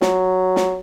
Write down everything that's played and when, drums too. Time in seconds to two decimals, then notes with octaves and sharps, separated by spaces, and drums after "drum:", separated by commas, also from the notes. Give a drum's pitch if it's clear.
0.01 F#3, drum: snare
0.56 drum: snare